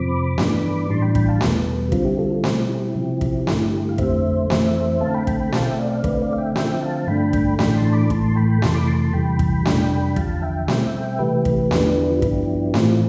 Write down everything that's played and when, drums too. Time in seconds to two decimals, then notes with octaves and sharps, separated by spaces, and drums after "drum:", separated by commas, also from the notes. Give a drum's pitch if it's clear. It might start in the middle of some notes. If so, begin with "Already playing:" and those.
Already playing: F2 C3 F3 C4 B5 D6
0.38 G2 E3 B3 D4, drum: snare A3
0.89 A2 E3 G3 D4 A5 C6
1.02 G5 B5
1.15 G5 B5, drum: kick
1.28 F5 A5
1.41 E2 B2 G3 B3, drum: snare A3
1.92 D3 G3 C4 F4, drum: kick
2.05 E4 G4
2.18 F4 A4
2.31 F4
2.44 B2 G3 C4, drum: snare A3
2.69 E4 G4
2.96 C3 F3 C4
3.21 drum: kick
3.47 G2 D3 A3, drum: snare A3
3.89 F5
3.98 F2 D3 A3 C4 C5 E5, drum: kick
4.50 F2 E3 A3 C4, drum: snare A3
5.01 D3 A3 C4 F5 A5
5.14 G5 B5
5.27 G5 B5, drum: kick
5.40 G5 B5
5.52 B2 A3 C4 F5 A5, drum: snare A3
5.65 E5 G5
5.79 D5 F5
5.91 D5 F5
6.04 D3 A3 C4 B4 D5, drum: kick
6.22 D5 F5
6.33 F5
6.38 E5 G5
6.56 D3 F3 C4 E5 G5, drum: snare A3
6.81 F5 A5
7.07 G2 D3 A3 D4 G5 B5
7.33 drum: kick
7.59 A2 E3 A3 D4 G5 B5, drum: snare A3
7.76 A5 C6
7.93 B5 D6
8.10 A2 E3 A3 A5 C6, drum: kick
8.36 G5 B5
8.62 F2 C3 E3 A3 A5 C6, drum: snare A3
8.75 B5 D6
8.87 A5 C6
9.00 A5 C6
9.13 E2 C3 E3 G3 G5 B5
9.39 drum: kick
9.65 F2 C3 G3 D4, drum: snare A3
10.16 E2 D3 F3 F5 A5, drum: kick
10.42 E5 G5
10.68 B2 G3 C4, drum: snare A3
11.19 C3 E3 A3 G4 B4
11.45 drum: kick
11.71 E2 D3 F3 B3 D4, drum: snare A3
11.98 E4
12.10 F4
12.22 G2 F3 B3 D4 E4 G4, drum: kick
12.74 A2 E3 A3 C4 F4, drum: snare A3